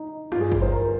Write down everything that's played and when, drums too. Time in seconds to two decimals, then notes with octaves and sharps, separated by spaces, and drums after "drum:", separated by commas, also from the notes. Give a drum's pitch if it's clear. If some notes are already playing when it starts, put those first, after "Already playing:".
Already playing: D#4
0.32 G2 F4, drum: rim click
0.41 G#4
0.52 drum: kick G1
0.62 C5
0.72 A#4